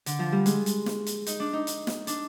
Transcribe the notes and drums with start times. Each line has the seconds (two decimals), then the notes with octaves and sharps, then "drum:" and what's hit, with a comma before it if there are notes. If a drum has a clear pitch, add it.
0.06 D3, drum: hi-hat
0.19 F3
0.32 G3
0.46 G#3, drum: hi-hat
0.66 drum: hi-hat
0.86 drum: snare
1.06 drum: hi-hat
1.26 D#4, drum: hi-hat
1.40 D4
1.53 D#4
1.67 drum: hi-hat
1.87 drum: snare
2.07 D4, drum: hi-hat